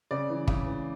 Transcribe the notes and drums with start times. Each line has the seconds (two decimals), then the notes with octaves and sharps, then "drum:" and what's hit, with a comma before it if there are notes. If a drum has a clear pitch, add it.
0.11 C#3 D5
0.30 E3
0.48 C#3, drum: kick
0.66 E3